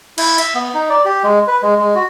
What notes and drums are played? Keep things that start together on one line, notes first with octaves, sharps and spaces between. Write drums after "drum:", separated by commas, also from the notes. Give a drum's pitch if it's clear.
E4, drum: cymbal
E5, drum: hi-hat
B3
D#4
D5
G4
G#3
B4
G#3
G#3
F#4